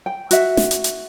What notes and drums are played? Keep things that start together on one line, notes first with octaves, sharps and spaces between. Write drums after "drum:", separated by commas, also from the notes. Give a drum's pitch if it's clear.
G5
F#4 E5, drum: hi-hat
drum: snare
drum: hi-hat
drum: hi-hat